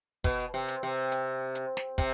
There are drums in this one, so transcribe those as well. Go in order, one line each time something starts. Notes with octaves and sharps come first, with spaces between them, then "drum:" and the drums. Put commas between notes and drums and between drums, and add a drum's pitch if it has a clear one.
B2, drum: kick, hi-hat
C3
drum: hi-hat
C3
drum: hi-hat
drum: hi-hat
drum: snare
C3, drum: kick, hi-hat